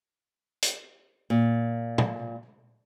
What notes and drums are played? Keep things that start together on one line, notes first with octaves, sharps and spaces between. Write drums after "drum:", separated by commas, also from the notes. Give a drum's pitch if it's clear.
drum: hi-hat
A#2
drum: tom